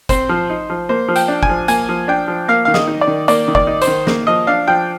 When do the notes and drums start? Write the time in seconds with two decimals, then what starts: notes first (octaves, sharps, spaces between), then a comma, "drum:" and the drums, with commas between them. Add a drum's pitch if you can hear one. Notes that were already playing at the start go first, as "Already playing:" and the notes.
0.09 C4 C5, drum: kick, hi-hat
0.29 F3
0.50 D#4
0.70 F3
0.89 A#3 C5
1.08 F3
1.16 G5, drum: hi-hat
1.28 D4
1.43 G#5, drum: kick
1.49 F3
1.68 A#3 G#5, drum: hi-hat
1.89 F3
2.08 D4 G5
2.28 F3
2.48 A#3 F5
2.65 D#3 F5
2.74 D#5, drum: snare
2.87 D#4
3.01 D5
3.07 D#3
3.28 A#3 D5, drum: hi-hat
3.48 D#3
3.55 D5, drum: kick
3.67 D#4
3.82 C5, drum: hi-hat
3.87 D#3
4.07 A#3, drum: snare
4.27 F3 D#5
4.47 D4 F5
4.68 F3 G5